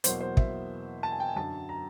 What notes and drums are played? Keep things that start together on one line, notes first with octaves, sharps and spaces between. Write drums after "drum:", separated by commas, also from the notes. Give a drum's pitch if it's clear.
E2 B2 F#3 A#3 C5, drum: hi-hat
C5
E5, drum: kick
A5
G#5
G5
G#5
F#2 D3 F#3 A5
A#5